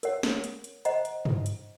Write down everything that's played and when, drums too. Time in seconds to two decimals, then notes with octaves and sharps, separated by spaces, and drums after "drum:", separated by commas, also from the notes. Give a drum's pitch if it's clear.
0.03 A#4 C#5 F#5, drum: hi-hat
0.23 drum: snare
0.44 drum: hi-hat
0.64 drum: hi-hat
0.85 C5 D#5 F#5 A#5, drum: hi-hat
1.05 drum: hi-hat
1.25 drum: tom G2
1.46 drum: hi-hat